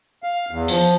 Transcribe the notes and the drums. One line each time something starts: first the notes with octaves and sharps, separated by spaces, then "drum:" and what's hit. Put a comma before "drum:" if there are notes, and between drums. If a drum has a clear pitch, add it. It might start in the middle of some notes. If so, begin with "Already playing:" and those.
F5
E2
F3, drum: tambourine